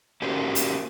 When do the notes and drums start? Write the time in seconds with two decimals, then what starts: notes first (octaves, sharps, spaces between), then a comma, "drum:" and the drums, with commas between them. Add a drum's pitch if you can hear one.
0.22 A#3 C#4 F#4 G4 A#4 C5
0.55 drum: hi-hat